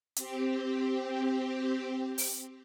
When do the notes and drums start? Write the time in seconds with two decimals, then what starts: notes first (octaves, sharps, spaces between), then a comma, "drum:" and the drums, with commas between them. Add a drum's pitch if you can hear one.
0.16 C4 G4, drum: hi-hat
2.18 drum: open hi-hat